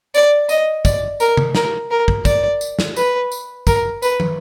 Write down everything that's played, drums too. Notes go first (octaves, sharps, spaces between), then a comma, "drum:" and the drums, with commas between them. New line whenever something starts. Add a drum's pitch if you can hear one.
D5, drum: tambourine
D#5, drum: tambourine
D5, drum: kick, tambourine
A#4, drum: tambourine
drum: tom C3
A#4, drum: snare
A#4
drum: kick
D5, drum: kick, tambourine
drum: tambourine
drum: snare
B4, drum: tambourine
drum: tambourine
A#4, drum: kick, tambourine
B4, drum: tambourine
drum: tom